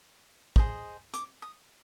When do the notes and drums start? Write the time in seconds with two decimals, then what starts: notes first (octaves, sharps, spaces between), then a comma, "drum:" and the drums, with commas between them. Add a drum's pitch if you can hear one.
0.56 G#4 C5 D#5, drum: kick
1.14 D6, drum: hi-hat
1.42 D#6